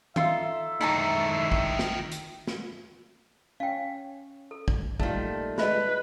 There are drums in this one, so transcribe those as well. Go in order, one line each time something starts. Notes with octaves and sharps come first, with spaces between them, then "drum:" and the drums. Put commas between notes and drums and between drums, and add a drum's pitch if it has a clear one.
D#4 F4 A4 E5, drum: tom
D#3 D#4 E4 A5 A#5
drum: kick
drum: snare
drum: hi-hat
drum: snare
C#4 F5 G5
A4
drum: kick
A#2 D#3 G3 A3 F4, drum: kick
G#3 B4 D#5 E5 B5, drum: snare